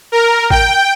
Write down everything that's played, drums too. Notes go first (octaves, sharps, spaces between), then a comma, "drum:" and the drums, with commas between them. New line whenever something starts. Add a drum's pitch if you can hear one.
A#4
G5, drum: kick A1